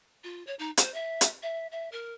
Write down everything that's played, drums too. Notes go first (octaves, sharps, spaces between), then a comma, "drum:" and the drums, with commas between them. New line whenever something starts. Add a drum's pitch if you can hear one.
F4
C#5
D#4
C5, drum: hi-hat
E5
drum: hi-hat
E5
E5
A#4